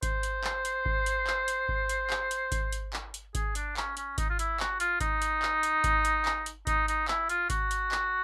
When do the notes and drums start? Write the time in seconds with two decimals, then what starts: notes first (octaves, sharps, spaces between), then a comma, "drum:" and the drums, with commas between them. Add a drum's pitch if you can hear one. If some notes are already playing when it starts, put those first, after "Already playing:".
0.03 C5, drum: kick G#1, hi-hat
0.23 drum: hi-hat
0.44 drum: clap
0.65 drum: hi-hat
0.86 drum: kick G#1
1.06 drum: hi-hat
1.27 drum: clap
1.48 drum: hi-hat
1.69 drum: kick G#1
1.89 drum: hi-hat
2.10 drum: clap
2.31 drum: hi-hat
2.52 drum: kick G#1, hi-hat
2.72 drum: hi-hat
2.93 drum: clap
3.14 drum: hi-hat
3.35 G#4, drum: kick G#1, hi-hat
3.55 D4, drum: hi-hat
3.77 C#4, drum: clap
3.97 C#4, drum: hi-hat
4.18 D#4, drum: kick G#1, hi-hat
4.30 F4
4.39 E4, drum: hi-hat
4.60 F#4, drum: clap
4.80 F4, drum: hi-hat
5.00 D#4, drum: kick G#1, hi-hat
5.22 drum: hi-hat
5.42 drum: clap
5.63 drum: hi-hat
5.84 drum: kick G#1, hi-hat
6.05 drum: hi-hat
6.25 drum: clap
6.46 drum: hi-hat
6.67 D#4, drum: kick G#1, hi-hat
6.88 D#4, drum: hi-hat
7.08 E4, drum: clap
7.29 F4, drum: hi-hat
7.50 F#4, drum: kick G#1, hi-hat
7.71 drum: hi-hat
7.92 drum: clap